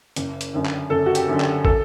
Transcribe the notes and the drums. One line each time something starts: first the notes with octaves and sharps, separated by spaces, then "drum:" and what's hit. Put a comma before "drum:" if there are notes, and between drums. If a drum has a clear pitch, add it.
F#1, drum: hi-hat
drum: hi-hat
F#2 D3
drum: clap
F#1 A4
F#4
G4, drum: hi-hat
F#2 D3
G4, drum: clap
A4, drum: kick